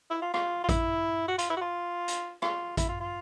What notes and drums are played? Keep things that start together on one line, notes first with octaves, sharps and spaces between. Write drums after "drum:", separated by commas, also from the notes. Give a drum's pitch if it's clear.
E4
F4
F4, drum: rim click
F4
E4, drum: kick A1, hi-hat
F#4
F4, drum: hi-hat
E4
F#4
F4
drum: hi-hat
F4, drum: rim click
E4, drum: kick A1, hi-hat
F4
F4